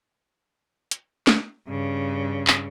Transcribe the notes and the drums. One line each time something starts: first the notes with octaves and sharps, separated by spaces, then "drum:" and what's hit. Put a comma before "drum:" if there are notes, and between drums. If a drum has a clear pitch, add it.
drum: hi-hat
drum: snare
G2 C#3
drum: clap